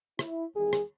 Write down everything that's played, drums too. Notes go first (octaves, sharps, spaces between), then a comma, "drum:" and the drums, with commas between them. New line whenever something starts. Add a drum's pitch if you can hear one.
E4, drum: rim click
E2 D#3 G3 G#4
drum: rim click